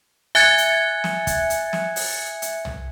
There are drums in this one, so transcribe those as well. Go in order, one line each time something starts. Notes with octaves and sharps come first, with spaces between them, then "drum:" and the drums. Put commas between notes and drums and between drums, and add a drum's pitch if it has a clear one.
E5 G#5 F#6 G#6 A6 C#7
drum: hi-hat
drum: snare
drum: kick, hi-hat
drum: hi-hat
drum: snare
drum: open hi-hat
drum: hi-hat
drum: tom